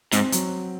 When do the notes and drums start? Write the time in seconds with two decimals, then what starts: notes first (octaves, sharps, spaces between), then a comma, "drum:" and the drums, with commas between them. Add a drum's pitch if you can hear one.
0.12 G#2 C4, drum: hi-hat
0.32 F#3, drum: hi-hat